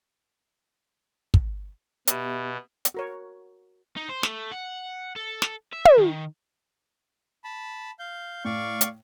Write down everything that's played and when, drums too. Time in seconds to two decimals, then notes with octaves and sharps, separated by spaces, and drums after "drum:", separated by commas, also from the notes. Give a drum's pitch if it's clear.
1.34 drum: kick
2.07 B2 B3 G4 E5, drum: hi-hat
2.85 drum: hi-hat
2.94 F#4 A#4 C#5
3.97 D#4
4.10 C5
4.23 A3, drum: snare
4.52 F#5
5.16 A4
5.42 drum: snare
5.73 E5
5.85 drum: tom
5.97 D#3
7.44 A5 B5
7.99 F5 G6
8.45 A2 D5 F5 C#6
8.81 drum: hi-hat